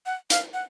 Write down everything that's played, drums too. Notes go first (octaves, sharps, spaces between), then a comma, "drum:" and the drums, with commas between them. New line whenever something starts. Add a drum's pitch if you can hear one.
F#5
F5, drum: hi-hat
F#5